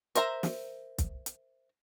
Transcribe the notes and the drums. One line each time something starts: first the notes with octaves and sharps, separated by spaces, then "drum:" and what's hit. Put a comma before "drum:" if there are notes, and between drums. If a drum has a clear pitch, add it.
A#4 C5 E5 A#5, drum: hi-hat
drum: snare
drum: kick, hi-hat
drum: hi-hat